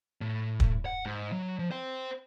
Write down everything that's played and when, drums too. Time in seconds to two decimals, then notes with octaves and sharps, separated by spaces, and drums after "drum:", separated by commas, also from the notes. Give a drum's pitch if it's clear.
0.21 A2
0.60 drum: kick
0.85 F#5
1.06 G#2
1.32 F#3
1.59 F3
1.71 C5 G5